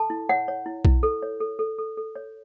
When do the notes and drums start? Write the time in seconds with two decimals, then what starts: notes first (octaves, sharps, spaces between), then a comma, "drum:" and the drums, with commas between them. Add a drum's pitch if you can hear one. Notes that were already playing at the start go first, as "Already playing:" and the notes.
Already playing: A4 A5
0.10 E4
0.29 C#5 F#5
0.48 C#5
0.66 E4
0.85 E4, drum: kick B1
1.03 A4
1.22 C#5
1.40 A4
1.59 A4
1.79 A4
1.97 A4
2.16 C#5